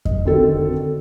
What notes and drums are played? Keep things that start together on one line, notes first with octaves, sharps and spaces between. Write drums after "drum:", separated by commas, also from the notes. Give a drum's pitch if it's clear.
D#5, drum: kick F2
D3 D#3 C4 F#4 A4